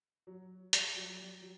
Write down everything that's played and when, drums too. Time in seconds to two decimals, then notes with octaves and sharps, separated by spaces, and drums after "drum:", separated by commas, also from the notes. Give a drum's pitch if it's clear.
0.27 F#3
0.73 G3, drum: hi-hat
0.96 F#3
1.10 F#3
1.19 G3
1.42 F#3